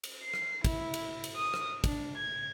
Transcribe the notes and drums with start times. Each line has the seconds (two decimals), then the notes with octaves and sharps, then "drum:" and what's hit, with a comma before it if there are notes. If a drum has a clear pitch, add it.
0.04 drum: cymbal
0.24 C7
0.34 drum: rim click
0.64 E4, drum: kick, cymbal
0.94 drum: cymbal
1.24 drum: cymbal
1.36 D#6
1.54 drum: rim click
1.84 D4, drum: kick, cymbal
2.17 G#6